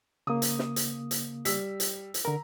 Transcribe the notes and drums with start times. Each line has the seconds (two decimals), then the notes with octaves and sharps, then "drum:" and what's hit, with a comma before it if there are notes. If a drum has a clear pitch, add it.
0.27 C#3 A#3 D#6
0.42 drum: hi-hat
0.59 drum: snare
0.76 drum: hi-hat
1.11 drum: hi-hat
1.45 G3 E6 B6, drum: hi-hat
1.80 drum: hi-hat
2.14 drum: hi-hat
2.25 D3 A#4 A#5